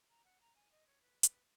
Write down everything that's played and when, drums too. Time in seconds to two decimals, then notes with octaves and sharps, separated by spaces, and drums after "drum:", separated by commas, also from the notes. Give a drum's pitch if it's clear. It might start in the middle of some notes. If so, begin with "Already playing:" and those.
0.09 A#5
0.24 F#5
0.40 A#5
0.55 G#5
0.71 D#5
0.86 C#5
1.01 B4
1.23 B4, drum: hi-hat